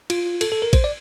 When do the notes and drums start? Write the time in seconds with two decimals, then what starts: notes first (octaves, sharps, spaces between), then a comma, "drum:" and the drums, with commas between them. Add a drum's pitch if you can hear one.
0.10 F4, drum: cymbal
0.41 A4, drum: cymbal
0.52 A4
0.62 A#4
0.73 C5, drum: kick A1, cymbal
0.84 D5